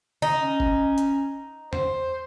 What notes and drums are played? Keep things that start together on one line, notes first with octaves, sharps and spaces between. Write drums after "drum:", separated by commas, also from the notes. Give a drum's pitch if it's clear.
D#4, drum: tom D3
C#4
drum: kick
drum: hi-hat
C5, drum: tom E2